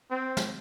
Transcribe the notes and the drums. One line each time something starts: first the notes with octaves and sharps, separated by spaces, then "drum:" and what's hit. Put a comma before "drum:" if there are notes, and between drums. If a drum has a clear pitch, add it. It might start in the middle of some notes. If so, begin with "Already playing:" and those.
C4
drum: snare